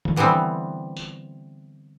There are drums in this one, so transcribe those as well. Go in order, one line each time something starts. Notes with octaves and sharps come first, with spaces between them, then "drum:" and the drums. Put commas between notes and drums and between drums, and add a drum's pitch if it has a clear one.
drum: tom D#3
D3 E3 G3 B3 C4
drum: tambourine